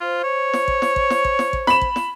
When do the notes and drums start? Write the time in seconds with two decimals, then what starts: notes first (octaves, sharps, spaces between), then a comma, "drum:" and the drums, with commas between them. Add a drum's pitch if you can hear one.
0.01 F4 C5
0.23 C#5
0.53 drum: snare
0.68 drum: kick
0.82 drum: snare
0.96 drum: kick
1.10 drum: snare
1.25 drum: kick
1.39 drum: snare
1.53 drum: kick
1.67 B5 E7, drum: snare
1.82 drum: kick
1.96 drum: snare